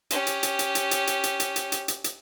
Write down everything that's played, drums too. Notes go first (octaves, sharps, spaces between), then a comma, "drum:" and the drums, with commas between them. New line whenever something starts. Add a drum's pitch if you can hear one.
C#4 G4, drum: hi-hat
drum: hi-hat
drum: hi-hat
drum: hi-hat
drum: hi-hat
drum: hi-hat
drum: hi-hat
drum: hi-hat
drum: hi-hat
drum: hi-hat
drum: hi-hat
drum: hi-hat
drum: hi-hat